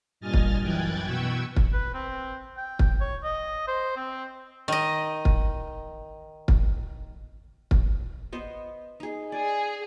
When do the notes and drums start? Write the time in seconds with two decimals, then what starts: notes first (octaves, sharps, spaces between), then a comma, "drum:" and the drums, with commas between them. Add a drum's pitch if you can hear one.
0.20 G2 A#2 D#5 G#5 F6 A6
0.34 drum: kick
0.62 F#2 E3 G5 F#6 G#6 A6
1.05 B2 B4 G5 C#6 E6 G#6
1.56 drum: kick
1.73 B4
1.94 C4
2.57 G5
2.79 drum: kick
3.01 C#5
3.24 D#5
3.68 C5
3.97 C4
4.68 D#3 D#5
5.25 drum: kick
6.48 drum: kick
7.71 drum: kick
8.32 B3 C5 D#5
9.00 D#4 G#4
9.32 G#4 D5